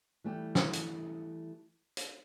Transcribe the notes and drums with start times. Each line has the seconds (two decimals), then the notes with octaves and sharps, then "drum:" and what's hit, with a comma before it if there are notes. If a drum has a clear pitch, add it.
0.24 E3 G3 A3 G4
0.55 drum: snare
0.73 drum: hi-hat
1.97 drum: hi-hat